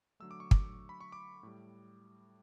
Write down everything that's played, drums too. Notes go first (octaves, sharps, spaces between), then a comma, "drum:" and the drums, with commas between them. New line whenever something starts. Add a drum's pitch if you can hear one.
D3 F#3 A3 E6
D6
C#6
D6, drum: kick
B5
C#6
D6
A2 G3